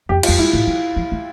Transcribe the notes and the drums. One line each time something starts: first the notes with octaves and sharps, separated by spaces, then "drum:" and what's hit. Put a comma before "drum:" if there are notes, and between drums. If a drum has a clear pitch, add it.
F2 G4
F4, drum: cymbal
F2
G2 E4
A2
F3
F3
A3